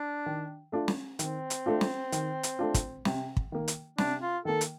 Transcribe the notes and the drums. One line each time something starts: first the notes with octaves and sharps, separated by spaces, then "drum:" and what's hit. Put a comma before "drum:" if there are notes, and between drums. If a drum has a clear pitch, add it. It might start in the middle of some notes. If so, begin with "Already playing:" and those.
Already playing: D4
D#3
A3 D4 F4
drum: snare
D#3 C4, drum: hi-hat
drum: hi-hat
A3 D4 F4
drum: snare
D#3, drum: hi-hat
drum: hi-hat
A3 D4 F4
drum: kick, hi-hat
C3, drum: snare
drum: kick
D#3 A#3
drum: hi-hat
C3 D4, drum: snare
F4
D#3 A#3 A4
drum: hi-hat